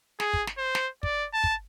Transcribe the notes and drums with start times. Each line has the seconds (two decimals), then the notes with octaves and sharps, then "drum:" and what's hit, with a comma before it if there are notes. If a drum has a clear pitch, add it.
0.20 G#4, drum: snare
0.33 drum: kick
0.47 drum: snare
0.58 C5
0.75 drum: snare
1.03 D5, drum: kick
1.33 A5
1.44 drum: kick